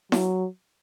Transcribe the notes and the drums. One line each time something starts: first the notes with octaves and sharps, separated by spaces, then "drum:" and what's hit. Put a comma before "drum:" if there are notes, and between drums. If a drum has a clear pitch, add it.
F#3, drum: snare E4